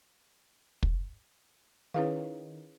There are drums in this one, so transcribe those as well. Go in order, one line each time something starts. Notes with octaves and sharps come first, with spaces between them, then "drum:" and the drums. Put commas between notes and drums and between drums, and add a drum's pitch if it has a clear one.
drum: kick
D#3 C#4 E4 G#4 B4 C#5 F5